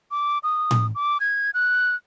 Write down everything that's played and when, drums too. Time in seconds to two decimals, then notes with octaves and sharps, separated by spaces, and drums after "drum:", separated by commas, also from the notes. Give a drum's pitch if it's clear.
0.11 D6
0.43 D#6
0.71 drum: tom A2
0.95 D6
1.20 G#6
1.54 F#6